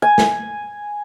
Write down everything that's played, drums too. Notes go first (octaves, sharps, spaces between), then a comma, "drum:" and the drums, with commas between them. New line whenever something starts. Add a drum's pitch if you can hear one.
G#5
drum: snare